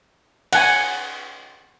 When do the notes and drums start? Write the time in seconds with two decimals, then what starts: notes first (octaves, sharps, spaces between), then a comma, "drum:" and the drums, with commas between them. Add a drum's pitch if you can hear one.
0.53 F#5 G#5, drum: cymbal